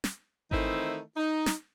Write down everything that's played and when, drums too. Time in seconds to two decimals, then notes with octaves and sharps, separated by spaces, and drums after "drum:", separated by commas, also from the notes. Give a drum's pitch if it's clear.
0.04 drum: snare
0.51 D#3 E3 A3 C4 D#4 E4, drum: kick G#1
1.17 D#4
1.46 drum: snare